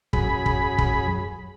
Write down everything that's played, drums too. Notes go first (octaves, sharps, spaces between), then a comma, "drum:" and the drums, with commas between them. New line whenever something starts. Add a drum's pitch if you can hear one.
F#2 G#4 B5, drum: kick
drum: kick
drum: kick